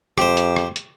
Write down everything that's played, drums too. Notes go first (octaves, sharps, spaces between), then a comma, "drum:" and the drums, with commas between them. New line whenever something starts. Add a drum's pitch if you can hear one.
F2 G4 C5, drum: rim click
drum: hi-hat
drum: rim click
drum: hi-hat